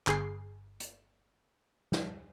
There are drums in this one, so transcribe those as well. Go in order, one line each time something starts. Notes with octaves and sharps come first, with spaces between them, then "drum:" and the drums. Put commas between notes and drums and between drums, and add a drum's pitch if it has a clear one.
G1 G#4 C7, drum: clap
drum: hi-hat
drum: snare